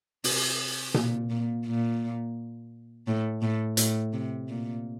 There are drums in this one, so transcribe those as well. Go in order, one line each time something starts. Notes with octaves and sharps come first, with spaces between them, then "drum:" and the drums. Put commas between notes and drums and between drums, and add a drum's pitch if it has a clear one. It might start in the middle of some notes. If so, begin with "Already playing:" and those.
C3, drum: open hi-hat
A#2, drum: tom B2
A#2
A#2
A2
A2
A2, drum: hi-hat
C3
A#2